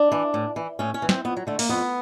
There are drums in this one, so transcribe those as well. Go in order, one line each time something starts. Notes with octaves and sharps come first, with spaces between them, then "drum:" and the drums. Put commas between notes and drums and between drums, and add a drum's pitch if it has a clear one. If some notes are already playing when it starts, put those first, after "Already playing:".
Already playing: D4
E3
A2
E3
A2 C#4
C#4
E3
C4, drum: snare
F2 B3
F#3
D3 A3
A#3, drum: open hi-hat
F2 B3